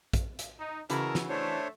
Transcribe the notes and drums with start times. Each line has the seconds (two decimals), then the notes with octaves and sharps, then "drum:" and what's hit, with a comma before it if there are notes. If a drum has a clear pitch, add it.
0.13 drum: kick, hi-hat
0.39 drum: hi-hat
0.59 D#4
0.90 C#3 E3 G#3 F#4 A#4 A5, drum: hi-hat
1.15 drum: snare
1.29 A3 D4 C5 C#5